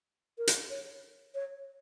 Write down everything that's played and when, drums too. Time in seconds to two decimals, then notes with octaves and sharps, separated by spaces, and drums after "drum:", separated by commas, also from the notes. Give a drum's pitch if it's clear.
0.38 A#4
0.47 drum: hi-hat
0.70 C#5
1.35 C#5